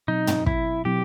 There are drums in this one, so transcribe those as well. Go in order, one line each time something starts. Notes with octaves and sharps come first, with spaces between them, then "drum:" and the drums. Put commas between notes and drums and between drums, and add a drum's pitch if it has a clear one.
B2 F#3 C4 D#4
drum: tom
E4, drum: kick
B2 F#3 C4 E4 G4